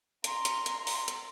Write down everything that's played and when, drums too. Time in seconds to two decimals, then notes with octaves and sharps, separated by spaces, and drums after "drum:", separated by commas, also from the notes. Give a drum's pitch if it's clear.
0.24 A#5 C6, drum: hi-hat
0.45 drum: hi-hat
0.66 drum: hi-hat
0.87 drum: open hi-hat
1.08 drum: hi-hat